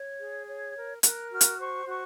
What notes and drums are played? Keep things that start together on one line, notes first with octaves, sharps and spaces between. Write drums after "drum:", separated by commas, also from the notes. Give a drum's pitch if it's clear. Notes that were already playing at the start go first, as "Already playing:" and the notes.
Already playing: C#5
G#4
C#5
A#4
A#4 F#6, drum: hi-hat
F#4 F6
drum: hi-hat
C5 C#6
F#4 C#6